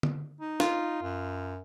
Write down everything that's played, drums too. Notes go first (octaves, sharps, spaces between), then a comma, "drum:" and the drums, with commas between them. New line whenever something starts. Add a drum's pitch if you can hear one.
drum: tom D3
D#4
F4, drum: snare
F#2